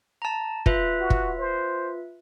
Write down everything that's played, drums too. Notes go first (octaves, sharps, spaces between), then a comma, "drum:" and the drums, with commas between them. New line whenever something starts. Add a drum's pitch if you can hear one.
A5 A#5
F4 B4 E5, drum: kick
F#4
drum: kick
C5